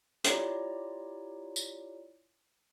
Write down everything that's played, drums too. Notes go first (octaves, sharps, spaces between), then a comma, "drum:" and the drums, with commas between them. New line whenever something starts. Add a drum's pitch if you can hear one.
E4 F4 G4 C#5 D5 A#5, drum: hi-hat
drum: tambourine